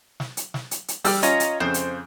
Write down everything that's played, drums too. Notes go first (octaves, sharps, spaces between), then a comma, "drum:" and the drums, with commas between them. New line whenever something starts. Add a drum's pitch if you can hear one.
drum: snare
drum: hi-hat
drum: snare
drum: hi-hat
drum: hi-hat
G3 G4 E6 F6, drum: open hi-hat
C#4 F4 C#5 D#5 A#5, drum: hi-hat
drum: hi-hat
F2 C#3 C5
drum: hi-hat